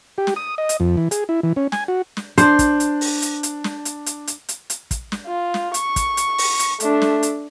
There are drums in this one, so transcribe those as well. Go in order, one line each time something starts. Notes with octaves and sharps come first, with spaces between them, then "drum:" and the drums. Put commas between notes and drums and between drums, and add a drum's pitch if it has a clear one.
G4
drum: snare
D#6
D#5
drum: hi-hat
F2
E3
G#4, drum: hi-hat
E4
E3
C#4
G#5, drum: snare
F#4
drum: snare
D4 C5, drum: hi-hat
drum: kick, hi-hat
drum: hi-hat
drum: open hi-hat
drum: hi-hat
drum: hi-hat
drum: snare
drum: hi-hat
drum: hi-hat
drum: hi-hat
drum: hi-hat
drum: hi-hat
drum: kick, hi-hat
drum: snare
F4
drum: snare
C#6, drum: hi-hat
drum: kick, hi-hat
drum: hi-hat
drum: open hi-hat
drum: hi-hat
A3 D4, drum: hi-hat
drum: snare
drum: hi-hat